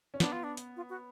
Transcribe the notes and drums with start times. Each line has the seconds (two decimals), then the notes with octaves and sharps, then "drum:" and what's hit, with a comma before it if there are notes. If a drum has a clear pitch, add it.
0.14 C#4
0.20 B3 D4, drum: snare
0.32 F4
0.44 D4
0.57 drum: hi-hat
0.76 F4
0.90 F#4